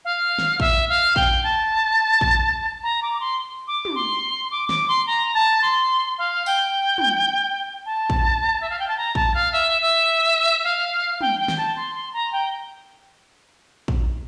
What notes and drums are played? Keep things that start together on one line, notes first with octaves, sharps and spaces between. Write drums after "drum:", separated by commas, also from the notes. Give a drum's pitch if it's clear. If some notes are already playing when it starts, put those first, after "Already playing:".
F5
drum: snare
E5, drum: kick
F5
G5, drum: kick
A5
drum: kick
A#5
D6
D6
C6
D6
drum: tom
C6
D6
D6, drum: snare
C6
A#5
A5
C6
F5
G5, drum: tambourine
drum: tom
A5
drum: kick
E5
F5
G5
A5
A#5
A5, drum: kick
F5
E5
E5
F5
G5, drum: tom
G5
drum: snare
A5
C6
C6
A#5
G5
drum: kick